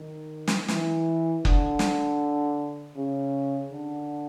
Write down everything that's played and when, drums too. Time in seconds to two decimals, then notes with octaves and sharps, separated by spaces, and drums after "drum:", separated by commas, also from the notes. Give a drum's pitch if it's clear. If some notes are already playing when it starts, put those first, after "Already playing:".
Already playing: D#3
0.48 drum: snare
0.68 E3, drum: snare
1.45 D3, drum: kick F#1
1.79 drum: snare
2.96 C#3
3.73 D3